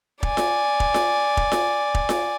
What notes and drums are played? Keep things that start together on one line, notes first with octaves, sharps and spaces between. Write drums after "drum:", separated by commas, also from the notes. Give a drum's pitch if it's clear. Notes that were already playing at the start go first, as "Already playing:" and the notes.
D5 G#5, drum: kick
drum: snare F4
drum: kick
drum: snare F4
drum: kick
drum: snare F4
drum: kick
drum: snare F4